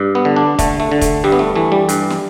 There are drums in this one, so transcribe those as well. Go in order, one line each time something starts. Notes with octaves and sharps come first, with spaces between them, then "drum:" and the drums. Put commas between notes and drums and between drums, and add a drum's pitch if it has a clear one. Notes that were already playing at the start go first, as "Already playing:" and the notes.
Already playing: G2
B3
D3
D4
D3 A3, drum: kick, hi-hat
A3
D3
A3, drum: kick, hi-hat
G2 G3
B3
A3
E3 A3
G3
G2, drum: hi-hat
drum: snare